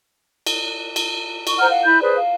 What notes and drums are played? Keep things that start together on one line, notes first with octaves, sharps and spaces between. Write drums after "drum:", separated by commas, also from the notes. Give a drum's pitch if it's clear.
drum: cymbal
drum: cymbal
C#6, drum: cymbal
C5 F#5 A#5 F6
F5 F#5
E4 B5 G6
G#4 B4 C5 D5
F5